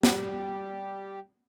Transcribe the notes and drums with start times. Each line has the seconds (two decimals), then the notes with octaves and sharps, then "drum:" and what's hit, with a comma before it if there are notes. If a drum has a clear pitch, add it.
0.03 G3 G4, drum: snare